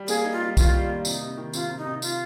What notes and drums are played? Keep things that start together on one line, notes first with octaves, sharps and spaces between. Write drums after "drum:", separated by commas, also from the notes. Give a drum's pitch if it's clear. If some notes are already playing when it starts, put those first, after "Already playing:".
Already playing: G3
A#3 G#4, drum: tambourine
D#4
F4
G3
D#3 F4, drum: kick B1, tambourine
G3
A#3
C3 D#4 F4, drum: tambourine
C3
D#3
C3 F4, drum: tambourine
C3
D#4
C3
F4, drum: tambourine